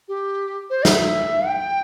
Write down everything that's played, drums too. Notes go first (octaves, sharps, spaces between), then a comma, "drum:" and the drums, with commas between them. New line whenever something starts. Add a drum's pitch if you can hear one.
G4
C5
E5, drum: snare
G5